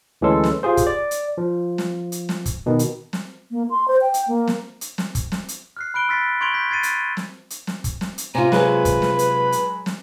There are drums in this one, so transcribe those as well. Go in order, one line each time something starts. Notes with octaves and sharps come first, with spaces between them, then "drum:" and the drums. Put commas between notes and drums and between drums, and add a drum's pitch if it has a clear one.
D2 E3 G#3 C#4 A4 C6
drum: snare
F4 G4 G#4 C5
drum: kick, hi-hat
D5
drum: hi-hat
F3
drum: snare
drum: hi-hat
drum: snare
drum: kick, hi-hat
B2 D#3
drum: hi-hat
drum: snare
A#3
C6
C5
G5
drum: hi-hat
A#3
drum: snare
drum: hi-hat
drum: snare
drum: kick, hi-hat
drum: snare
drum: hi-hat
F6 F#6 C7
B5 F#6 D7 G7
C6 E6 F6 A6 B6 C7
C6 C#6 G#6 D7 F7 G7
G6 B6
G#6 A6 C7 D#7
drum: hi-hat
drum: snare
drum: hi-hat
drum: snare
drum: kick, hi-hat
drum: snare
drum: hi-hat
C3 F4 G#5 A#5
F#3 G#3 B4 G#5 B5, drum: snare
drum: kick, hi-hat
drum: snare
drum: hi-hat
drum: hi-hat
drum: snare